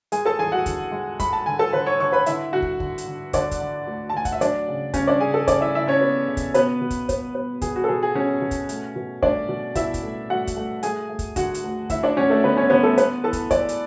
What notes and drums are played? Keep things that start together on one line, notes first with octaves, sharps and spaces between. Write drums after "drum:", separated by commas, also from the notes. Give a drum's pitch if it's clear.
G#3 G#4 G#5, drum: hi-hat
A4 A5
E2 G#4 G#5
F#4 F#5
D3, drum: kick, hi-hat
G#3
G#3 B5, drum: kick, hi-hat
A5
D3 G#5
A4 A5
D3 B4 B5
C#5 C#6
D3 C#5 C#6
B4 B5
D3 E4 E5, drum: hi-hat
D3 F#4 F#5
drum: kick
D3, drum: kick
drum: hi-hat
D3
D3 D4 D5, drum: kick, hi-hat
drum: kick, hi-hat
D3
D2
A5
D2 G#5
F#5, drum: kick, hi-hat
E5
F#3 D4 D5, drum: hi-hat
C#3
C#3 C#4 C#5, drum: kick, hi-hat
D4 D5
C#3 G#4 G#5
A4 A5
C#3 D5 D6, drum: kick, hi-hat
E4 E5
C#3 E4 E5
C#4 C#5
B3
C#3
drum: kick, hi-hat
B2 B3 B4, drum: hi-hat
B2
drum: kick, hi-hat
B3, drum: kick, hi-hat
B3
B2 G#4, drum: kick, hi-hat
F#4
A4
B2 G#4
G#4
B2 C#4 C#5
B2
drum: kick, hi-hat
A3, drum: hi-hat
B2
A3 D4 D5, drum: kick
B2
B2 E4 E5, drum: kick, hi-hat
drum: kick, hi-hat
A3
A3 F#4 F#5
drum: kick, hi-hat
A3
A3 G#4 G#5, drum: hi-hat
A3
drum: kick, hi-hat
D3 F#4 F#5, drum: kick, hi-hat
drum: hi-hat
D2
D3 E4 E5, drum: kick, hi-hat
D4 D5
D2 C#4 C#5
A3 A4
D3 B3 B4
C#4 C#5
D3 B3 B4
A3 A4
B3 B4, drum: hi-hat
E3 A4 A5
drum: kick, hi-hat
G#3 D5 D6, drum: kick, hi-hat
drum: hi-hat